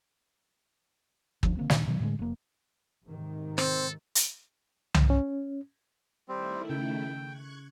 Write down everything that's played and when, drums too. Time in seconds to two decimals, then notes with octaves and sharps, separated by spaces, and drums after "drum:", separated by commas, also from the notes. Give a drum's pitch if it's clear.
1.43 D2 F3 F#3 D4, drum: kick
1.57 D3 A#3 C4
1.70 D#1 A#2 D#3 D4, drum: snare
1.87 B2 D#3 F#3
2.00 A2 D3 F3 G#3
2.19 F1 A#3
3.04 G#2 C3 D#3
3.58 C4 A4 C5, drum: rim click
4.15 drum: hi-hat
4.94 drum: tom C2
5.10 C#4
6.29 D#3 G3 A3 C4 E4
6.70 C#3 G5
7.24 C#6 F#6 G#6